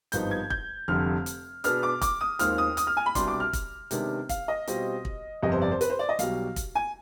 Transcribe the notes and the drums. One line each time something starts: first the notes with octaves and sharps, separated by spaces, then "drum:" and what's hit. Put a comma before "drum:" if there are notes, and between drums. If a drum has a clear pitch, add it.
G#1 G2 F3 B3 D#4 G6, drum: hi-hat
G#6
G6, drum: kick
F1 F2 D3 G3 F6
drum: hi-hat
B2 B3 D4 G#4 F6, drum: hi-hat
D6
D6, drum: kick, hi-hat
D#6
D#2 D#3 G#3 C4 F4 F6, drum: hi-hat
D#6
D#6, drum: hi-hat
F6
G#5
B5
C2 B2 G3 D4 G4 C6, drum: kick, hi-hat
D6
F6
drum: kick, hi-hat
C3 D#3 G#3 B3 D4, drum: hi-hat
F5, drum: kick, hi-hat
D#5
B2 G3 C4 F4, drum: hi-hat
drum: kick
G1 F2 C3 G3 B3 D#5
C5
D5
C5
B4, drum: hi-hat
C5
D5
D#5
B1 B2 G3 F5, drum: hi-hat
drum: kick, hi-hat
G#5